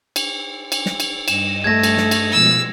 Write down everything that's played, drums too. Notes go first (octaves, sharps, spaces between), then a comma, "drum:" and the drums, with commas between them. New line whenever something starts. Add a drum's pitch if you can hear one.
drum: cymbal
drum: cymbal
drum: snare
drum: cymbal
G2 D#5 D#6 E7, drum: cymbal
A3 G#6 A#6
drum: cymbal
drum: snare
drum: cymbal
B2 F3 G#3 E6